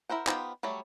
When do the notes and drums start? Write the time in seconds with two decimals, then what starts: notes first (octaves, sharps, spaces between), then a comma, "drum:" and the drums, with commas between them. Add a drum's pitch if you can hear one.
0.09 E4 A#4 C5 F#5
0.27 B3 D#4 F4 G4 C5, drum: clap
0.63 F#3 G3 A3 C#5